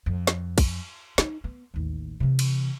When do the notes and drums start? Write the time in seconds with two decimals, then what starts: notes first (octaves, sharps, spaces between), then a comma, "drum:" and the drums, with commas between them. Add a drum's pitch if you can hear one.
0.06 F2
0.27 drum: snare
0.58 drum: kick, cymbal
1.18 D#4, drum: snare
1.44 B3
1.74 A1 D#2
2.20 C3 E3
2.39 drum: cymbal